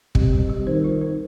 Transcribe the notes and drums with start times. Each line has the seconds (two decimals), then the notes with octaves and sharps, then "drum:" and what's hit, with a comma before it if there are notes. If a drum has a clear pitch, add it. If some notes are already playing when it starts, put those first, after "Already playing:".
0.15 C3 G3, drum: kick
0.33 G3
0.50 G3
0.67 D#3 C5
0.84 F4
1.01 C5